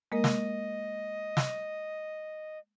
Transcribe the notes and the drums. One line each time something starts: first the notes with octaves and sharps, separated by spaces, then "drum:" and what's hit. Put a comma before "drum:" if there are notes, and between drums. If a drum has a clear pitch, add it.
G#3 A#3 A#4 D#5
drum: snare
drum: snare